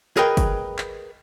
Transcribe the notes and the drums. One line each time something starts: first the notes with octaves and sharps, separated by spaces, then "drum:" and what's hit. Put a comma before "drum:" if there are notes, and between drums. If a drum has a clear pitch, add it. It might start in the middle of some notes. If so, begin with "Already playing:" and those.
G#4 A#4 B4 D#5 G5
drum: kick, hi-hat
drum: clap